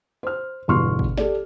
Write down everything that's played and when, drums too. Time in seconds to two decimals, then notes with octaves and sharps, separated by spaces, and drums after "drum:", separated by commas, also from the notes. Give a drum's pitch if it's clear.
0.23 C5 F6
0.68 G1 E2 B2 C6 C#6 F6
0.99 drum: kick G#1
1.17 G4 A4 D5, drum: snare